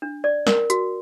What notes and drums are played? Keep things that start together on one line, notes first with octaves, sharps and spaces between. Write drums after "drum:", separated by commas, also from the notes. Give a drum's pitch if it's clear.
D4
D5
A#4, drum: snare
F#4, drum: hi-hat